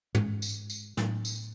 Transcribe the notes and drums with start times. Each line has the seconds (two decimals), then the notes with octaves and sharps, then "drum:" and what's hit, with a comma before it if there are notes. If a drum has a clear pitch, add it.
0.15 G#2 G#3 C#4, drum: tom
0.42 drum: tambourine
0.70 drum: tambourine
0.97 A2 F#3 B3 D4, drum: snare
1.25 drum: tambourine